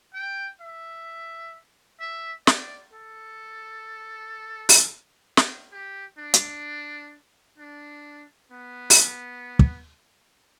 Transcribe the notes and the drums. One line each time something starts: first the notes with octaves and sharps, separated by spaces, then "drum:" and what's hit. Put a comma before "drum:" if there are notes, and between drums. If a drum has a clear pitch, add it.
G5
E5
E5
D5, drum: snare
A4
drum: open hi-hat
drum: snare
G4
D4
drum: hi-hat
D4
B3
drum: open hi-hat
drum: kick